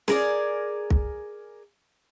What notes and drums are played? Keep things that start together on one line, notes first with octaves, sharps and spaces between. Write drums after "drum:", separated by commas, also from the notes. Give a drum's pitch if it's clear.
G#4 A#4 D5, drum: snare
drum: kick